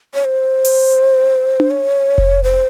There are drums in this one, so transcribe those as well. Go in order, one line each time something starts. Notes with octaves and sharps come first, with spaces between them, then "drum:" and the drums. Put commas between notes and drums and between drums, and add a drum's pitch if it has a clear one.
C#5
C5
drum: open hi-hat
drum: tom D4
C#5
drum: kick F1
C5